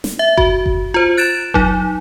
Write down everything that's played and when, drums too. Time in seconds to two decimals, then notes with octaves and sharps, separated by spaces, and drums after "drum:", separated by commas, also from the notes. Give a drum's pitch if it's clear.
0.04 drum: snare
0.19 E5
0.37 F#4, drum: kick F#1
0.66 drum: kick F#1
0.94 F4 C5
1.17 F#6 A6 D7 E7
1.54 F#3 D#4, drum: kick F#1